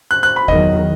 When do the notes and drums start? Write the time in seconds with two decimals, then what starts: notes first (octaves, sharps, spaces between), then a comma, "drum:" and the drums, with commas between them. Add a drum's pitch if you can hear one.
0.11 F#6
0.23 F#6
0.36 B5
0.48 E2 D#3 F#3 D#5, drum: kick F1